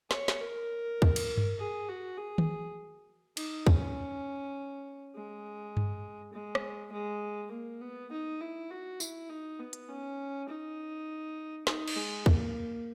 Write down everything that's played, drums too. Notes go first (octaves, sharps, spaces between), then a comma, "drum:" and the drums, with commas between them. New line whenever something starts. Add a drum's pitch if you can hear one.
C#5, drum: snare
drum: snare
A#4
drum: kick
drum: cymbal
drum: tom G2
G#4
F#4
G#4
drum: tom
D#4, drum: cymbal
C#4, drum: kick
G#3
drum: tom G2
G#3
drum: rim click
G#3
A#3
B3
D#4
E4
F#4
E4, drum: tambourine
D#4
B3
drum: hi-hat
C#4
D#4
D#4, drum: snare
drum: cymbal
G#3
A#3, drum: kick